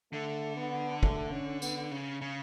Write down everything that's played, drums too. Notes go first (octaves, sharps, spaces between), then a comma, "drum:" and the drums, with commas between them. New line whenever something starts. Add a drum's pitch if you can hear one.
D3 A3
B3
A3, drum: kick
C#4
B3, drum: tambourine
C#3
C#3